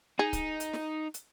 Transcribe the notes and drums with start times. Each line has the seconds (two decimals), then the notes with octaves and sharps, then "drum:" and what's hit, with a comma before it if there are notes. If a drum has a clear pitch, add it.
0.19 D#4 G#4
0.33 drum: kick C#1, hi-hat
0.60 drum: hi-hat
0.73 drum: snare
1.14 drum: hi-hat